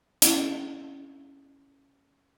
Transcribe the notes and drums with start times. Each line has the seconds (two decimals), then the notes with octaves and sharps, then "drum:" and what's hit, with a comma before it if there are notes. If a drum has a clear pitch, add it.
0.22 C#4 E4, drum: hi-hat